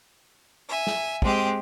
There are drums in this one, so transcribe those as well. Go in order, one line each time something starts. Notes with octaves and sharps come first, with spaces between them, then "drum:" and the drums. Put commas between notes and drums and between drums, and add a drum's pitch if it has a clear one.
E5 G#5
drum: snare
G#3 C4 G4, drum: kick